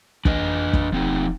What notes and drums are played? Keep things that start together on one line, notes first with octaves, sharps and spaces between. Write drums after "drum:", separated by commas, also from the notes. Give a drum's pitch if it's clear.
C#2 D4 B4 D#5, drum: kick
F2
drum: kick
E1 F3 C4 D#4